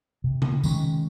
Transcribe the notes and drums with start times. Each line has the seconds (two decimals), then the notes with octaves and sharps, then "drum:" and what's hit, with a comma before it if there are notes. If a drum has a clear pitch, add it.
0.24 C3
0.42 drum: tom C#3
0.64 D#3 G#3 C#4, drum: tambourine